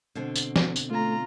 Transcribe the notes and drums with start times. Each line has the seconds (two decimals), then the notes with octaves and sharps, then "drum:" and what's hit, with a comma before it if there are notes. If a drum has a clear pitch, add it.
0.15 B2 D3 C4
0.36 drum: tambourine
0.56 drum: snare
0.76 drum: tambourine
0.90 A3 F4 A#5